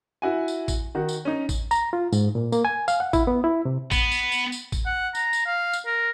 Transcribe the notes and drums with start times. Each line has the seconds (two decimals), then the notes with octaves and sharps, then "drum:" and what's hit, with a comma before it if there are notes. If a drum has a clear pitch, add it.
0.22 E4 F#4 G#5
0.48 drum: tambourine
0.68 drum: kick A1, tambourine
0.95 D#3 F#4
1.09 drum: tambourine
1.25 C#4 D#4
1.49 drum: kick A1, tambourine
1.71 A#5, drum: tambourine
1.93 F4
2.13 G#2, drum: tambourine
2.35 A#2
2.52 A#3, drum: tambourine
2.65 G#5
2.88 F5, drum: tambourine
3.00 F#5
3.13 E4, drum: kick A1, tambourine
3.27 B3
3.44 E4
3.65 C3
3.92 B3, drum: kick A1, tambourine
4.12 drum: tambourine
4.32 drum: tambourine
4.52 drum: tambourine
4.72 drum: kick A1, tambourine
4.86 F#5
5.15 A#5, drum: tambourine
5.33 drum: tambourine
5.46 F5
5.73 drum: tambourine
5.86 A#4